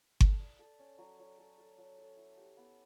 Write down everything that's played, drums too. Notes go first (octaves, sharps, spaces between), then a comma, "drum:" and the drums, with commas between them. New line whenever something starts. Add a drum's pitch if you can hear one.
A4, drum: kick G1
D5
A4
C#4
F#3
F#3
A4
A4
F#3
A4
E4
G4
B3